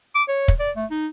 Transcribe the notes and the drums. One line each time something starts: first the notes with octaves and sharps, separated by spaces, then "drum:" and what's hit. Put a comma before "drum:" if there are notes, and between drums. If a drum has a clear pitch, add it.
D6
C#5
drum: kick
D5
A3
D#4